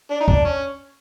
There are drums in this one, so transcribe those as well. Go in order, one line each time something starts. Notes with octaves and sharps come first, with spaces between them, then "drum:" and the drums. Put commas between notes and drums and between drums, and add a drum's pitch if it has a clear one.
D4
D#4
D4, drum: kick
C#4